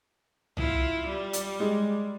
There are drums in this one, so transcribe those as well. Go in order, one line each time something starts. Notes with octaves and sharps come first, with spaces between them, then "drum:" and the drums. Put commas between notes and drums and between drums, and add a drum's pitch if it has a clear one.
E4 F4, drum: tom C2
G3
drum: hi-hat
G#3